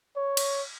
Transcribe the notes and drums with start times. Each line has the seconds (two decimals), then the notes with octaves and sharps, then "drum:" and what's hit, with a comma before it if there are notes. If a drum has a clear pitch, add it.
0.17 C#5
0.37 drum: cymbal